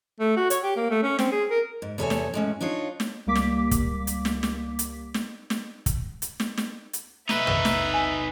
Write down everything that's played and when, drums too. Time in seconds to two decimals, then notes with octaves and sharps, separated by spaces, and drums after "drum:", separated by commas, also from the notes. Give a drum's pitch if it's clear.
0.20 A3
0.37 F#4
0.50 C#5, drum: hi-hat
0.63 G4
0.76 A#3
0.90 A3
1.03 C#4
1.19 C4, drum: snare
1.32 G#4
1.50 A#4
1.82 G#2
1.98 E2 C3 A4 B4 C#5 G#5
2.10 drum: snare
2.34 A2 G#3 C#4
2.61 D4 D#4 F4 C#5
3.00 drum: snare
3.26 C#2 G3 A#3 D6 B6
3.36 drum: snare
3.71 drum: kick, hi-hat
4.07 drum: hi-hat
4.25 drum: snare
4.43 drum: snare
4.79 drum: hi-hat
5.14 drum: snare
5.50 drum: snare
5.86 drum: kick, hi-hat
6.22 drum: hi-hat
6.40 drum: snare
6.58 drum: snare
6.93 drum: hi-hat
7.29 D#4 B4 E5, drum: snare
7.47 drum: tom
7.65 drum: snare
7.94 G#5